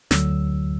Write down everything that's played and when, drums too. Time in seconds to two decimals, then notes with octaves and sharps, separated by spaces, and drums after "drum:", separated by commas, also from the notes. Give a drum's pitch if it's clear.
0.11 D2 D3 F#3 E6, drum: snare